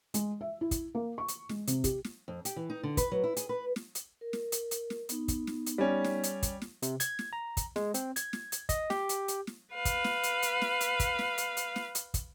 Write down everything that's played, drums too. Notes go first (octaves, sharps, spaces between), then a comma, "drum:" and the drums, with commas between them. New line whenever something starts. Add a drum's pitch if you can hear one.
G#3, drum: hi-hat
E5
E4
drum: kick, hi-hat
A#3
C#6
drum: hi-hat
G#3, drum: snare
C3, drum: hi-hat
G4, drum: kick, hi-hat
drum: snare
F2
G4, drum: hi-hat
E3
D#4
D3
B4, drum: kick, hi-hat
F#3
E4
G#4, drum: hi-hat
B4
drum: snare
drum: hi-hat
A#4
drum: snare
drum: hi-hat
drum: hi-hat
drum: snare
B3 D#4, drum: hi-hat
drum: kick, hi-hat
drum: snare
drum: hi-hat
G3 C#4
drum: snare
drum: hi-hat
drum: kick, hi-hat
drum: snare
C3, drum: hi-hat
G#6, drum: hi-hat
drum: snare
A#5
drum: kick, hi-hat
G#3, drum: snare
C4, drum: hi-hat
G#6, drum: hi-hat
drum: snare
drum: hi-hat
D#5, drum: kick, hi-hat
G4, drum: snare
drum: hi-hat
drum: hi-hat
drum: snare
B4 F5
drum: kick, hi-hat
drum: snare
drum: hi-hat
drum: hi-hat
drum: snare
drum: hi-hat
drum: kick, hi-hat
drum: snare
drum: hi-hat
drum: hi-hat
drum: snare
drum: hi-hat
drum: kick, hi-hat